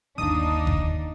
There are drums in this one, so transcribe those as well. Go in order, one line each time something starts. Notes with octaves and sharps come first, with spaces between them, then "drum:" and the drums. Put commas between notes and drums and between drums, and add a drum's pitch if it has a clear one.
G1 D#2 A#3 D4 D#4 D#6
drum: kick F1